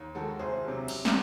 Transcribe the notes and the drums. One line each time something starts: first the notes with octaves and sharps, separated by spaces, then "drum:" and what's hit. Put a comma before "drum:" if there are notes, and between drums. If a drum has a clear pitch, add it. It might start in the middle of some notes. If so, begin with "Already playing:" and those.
Already playing: D#2
D#3 G#3 F#4 A4
C2 G#4 C5
C3 F#3
C3, drum: cymbal
drum: snare